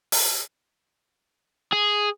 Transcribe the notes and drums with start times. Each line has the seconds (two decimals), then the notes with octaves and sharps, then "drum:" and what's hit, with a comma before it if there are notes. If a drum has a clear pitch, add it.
0.12 drum: open hi-hat
1.72 G#4